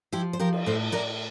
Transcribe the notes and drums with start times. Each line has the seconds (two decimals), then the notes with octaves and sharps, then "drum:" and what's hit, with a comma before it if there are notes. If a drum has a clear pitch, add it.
0.12 F3 E4 G4
0.33 C5
0.39 F3 G4 A#4
0.53 drum: cymbal
0.66 A2 A4 C5
0.92 A2 A#4 D5